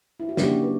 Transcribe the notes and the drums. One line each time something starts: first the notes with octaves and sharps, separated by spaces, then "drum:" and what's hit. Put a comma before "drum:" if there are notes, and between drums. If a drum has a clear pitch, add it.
E4
F#4
C#3 F#3 A#3 D4 G4, drum: snare
B4